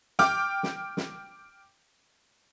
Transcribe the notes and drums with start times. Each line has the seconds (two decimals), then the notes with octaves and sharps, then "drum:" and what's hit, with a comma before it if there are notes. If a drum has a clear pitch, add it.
0.19 G5 D6 F6, drum: snare
0.63 drum: snare
0.97 drum: snare